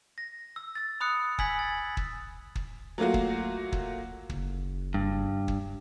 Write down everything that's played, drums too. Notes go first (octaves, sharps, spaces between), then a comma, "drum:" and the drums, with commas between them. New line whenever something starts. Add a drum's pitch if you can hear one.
A#6
E6
E6 A6
B5 D#6 F#6 C#7
G#5 E6 G#6 B6 F#7, drum: kick
A6
drum: kick
drum: kick
F#3 A3 A#3 F4 F#4
drum: kick
drum: kick
F#1, drum: kick
G2
drum: kick